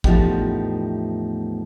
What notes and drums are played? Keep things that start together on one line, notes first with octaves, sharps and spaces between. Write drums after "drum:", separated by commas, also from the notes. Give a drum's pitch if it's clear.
E2 A2 F3 B3 D#4 G4, drum: kick A1